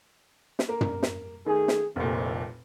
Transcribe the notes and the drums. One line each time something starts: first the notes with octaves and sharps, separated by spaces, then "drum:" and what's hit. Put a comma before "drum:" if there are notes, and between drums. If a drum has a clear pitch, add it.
drum: snare
A#3 A#4
drum: tom
drum: snare
D#3 A3 G#4
drum: snare
F1 C2 F2 A#2